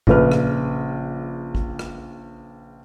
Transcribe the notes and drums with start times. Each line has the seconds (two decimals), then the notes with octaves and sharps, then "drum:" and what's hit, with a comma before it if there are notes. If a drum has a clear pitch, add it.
0.07 A#1 C#3 B4 F6, drum: kick G#1
0.32 drum: rim click
1.55 drum: kick G#1
1.79 drum: rim click